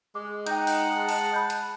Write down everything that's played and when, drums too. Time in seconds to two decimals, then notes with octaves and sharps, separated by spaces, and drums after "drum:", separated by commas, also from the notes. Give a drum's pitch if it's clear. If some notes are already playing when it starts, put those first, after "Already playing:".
0.15 G#3 D6
0.47 D#4 F#5 G5 G6, drum: hi-hat
0.67 drum: open hi-hat
0.97 A5
1.09 drum: open hi-hat
1.34 B5 G6
1.50 drum: hi-hat